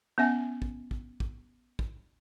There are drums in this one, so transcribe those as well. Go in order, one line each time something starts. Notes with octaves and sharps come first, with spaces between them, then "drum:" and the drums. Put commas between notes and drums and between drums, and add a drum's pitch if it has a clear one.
B3 C#4 E5 G#5
drum: kick
drum: kick
drum: kick
drum: kick